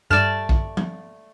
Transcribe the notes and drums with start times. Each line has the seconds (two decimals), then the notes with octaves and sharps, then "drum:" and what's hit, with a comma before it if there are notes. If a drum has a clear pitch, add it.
0.10 G2 A3 D5 F6 E7
0.49 drum: kick
0.77 drum: tom F3